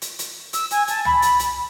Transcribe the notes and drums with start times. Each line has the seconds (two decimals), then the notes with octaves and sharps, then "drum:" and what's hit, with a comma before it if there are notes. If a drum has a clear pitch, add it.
0.02 drum: hi-hat
0.19 drum: hi-hat
0.53 E6, drum: hi-hat
0.71 G#5, drum: hi-hat
0.88 A5, drum: hi-hat
1.05 B5, drum: tom
1.22 drum: hi-hat
1.39 drum: hi-hat